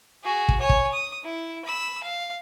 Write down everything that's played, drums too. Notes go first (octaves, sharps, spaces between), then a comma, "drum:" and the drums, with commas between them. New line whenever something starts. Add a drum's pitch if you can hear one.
F#4 G#4
drum: kick
C#5 G#5
drum: kick
D#6
E4
B5 E6
F5